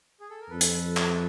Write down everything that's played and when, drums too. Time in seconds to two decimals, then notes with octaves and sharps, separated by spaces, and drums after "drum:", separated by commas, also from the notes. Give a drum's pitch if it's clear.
0.20 G#4
0.30 A4
0.41 A#4
0.50 F2 A4 B4
0.61 drum: hi-hat
0.97 drum: clap